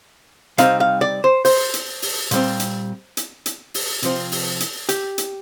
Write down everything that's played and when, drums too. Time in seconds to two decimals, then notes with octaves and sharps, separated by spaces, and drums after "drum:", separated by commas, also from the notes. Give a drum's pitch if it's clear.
0.58 C3 G3 C4 D#4 F5, drum: hi-hat
0.80 F5
1.01 D5
1.24 C5
1.45 C5, drum: open hi-hat
1.74 drum: hi-hat
2.02 drum: open hi-hat
2.31 A#2 G3 C4, drum: hi-hat
2.60 drum: hi-hat
3.17 drum: hi-hat
3.46 drum: hi-hat
3.74 drum: open hi-hat
4.03 C3 F3 C4, drum: hi-hat
4.32 drum: open hi-hat
4.60 drum: hi-hat
4.89 G4, drum: hi-hat
5.18 drum: hi-hat